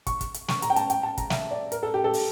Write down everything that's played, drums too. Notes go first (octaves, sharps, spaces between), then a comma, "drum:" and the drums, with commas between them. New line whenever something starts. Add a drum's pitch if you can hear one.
C#6, drum: kick, hi-hat
drum: kick, hi-hat
drum: hi-hat
C#6, drum: snare
A#5, drum: hi-hat
G5
A5, drum: hi-hat
G5, drum: hi-hat
A5
A#5, drum: kick, hi-hat
E5, drum: snare
D5
A#4, drum: hi-hat
A4
G4
A4
drum: open hi-hat